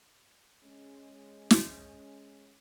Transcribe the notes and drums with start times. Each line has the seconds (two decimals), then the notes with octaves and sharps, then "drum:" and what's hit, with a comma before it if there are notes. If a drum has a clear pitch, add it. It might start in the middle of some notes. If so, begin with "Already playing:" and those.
0.64 G#3 C#4
1.51 drum: snare